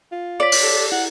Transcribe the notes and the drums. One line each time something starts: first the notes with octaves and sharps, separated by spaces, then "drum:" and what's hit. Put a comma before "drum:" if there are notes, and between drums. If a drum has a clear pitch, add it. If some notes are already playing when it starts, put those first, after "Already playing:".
F4
C#5 D5 B6
drum: open hi-hat
G4 A4
E4 F#5